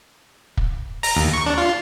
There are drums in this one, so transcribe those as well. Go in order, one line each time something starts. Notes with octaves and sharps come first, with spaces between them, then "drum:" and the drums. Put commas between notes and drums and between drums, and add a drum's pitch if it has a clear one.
drum: kick
A#5, drum: open hi-hat
D#2
C#6
D4
F4